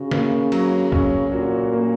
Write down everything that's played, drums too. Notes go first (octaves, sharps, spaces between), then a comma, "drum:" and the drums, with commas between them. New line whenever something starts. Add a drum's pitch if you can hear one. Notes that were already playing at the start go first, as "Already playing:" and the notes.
Already playing: C#3 F#4
A#3, drum: snare
F#3, drum: cymbal
C#4, drum: kick
A#2 F#4
A#3